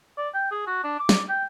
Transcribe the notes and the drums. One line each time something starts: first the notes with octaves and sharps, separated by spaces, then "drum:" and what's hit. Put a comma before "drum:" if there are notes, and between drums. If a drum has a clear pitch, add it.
D5
G5
G#4
F#4
D4
D6
drum: snare
G5